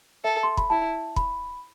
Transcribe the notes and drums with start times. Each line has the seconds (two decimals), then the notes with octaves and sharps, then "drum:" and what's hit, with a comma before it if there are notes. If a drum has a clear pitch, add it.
0.24 A4 E5
0.43 C6
0.57 B5, drum: kick
0.70 E4 A5
1.16 B5, drum: kick